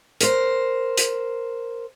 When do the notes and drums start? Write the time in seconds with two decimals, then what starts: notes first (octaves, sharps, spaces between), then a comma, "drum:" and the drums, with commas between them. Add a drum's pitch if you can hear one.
0.21 A#4 C5, drum: hi-hat
0.97 drum: hi-hat